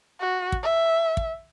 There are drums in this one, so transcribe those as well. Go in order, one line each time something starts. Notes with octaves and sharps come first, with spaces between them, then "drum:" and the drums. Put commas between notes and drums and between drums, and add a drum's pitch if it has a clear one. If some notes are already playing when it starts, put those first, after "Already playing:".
F#4
drum: kick
E5
drum: kick